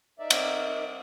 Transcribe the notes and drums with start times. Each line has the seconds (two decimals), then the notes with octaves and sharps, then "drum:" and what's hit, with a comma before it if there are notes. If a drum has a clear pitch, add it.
0.19 D#4 A#4 D5 E5
0.30 drum: cymbal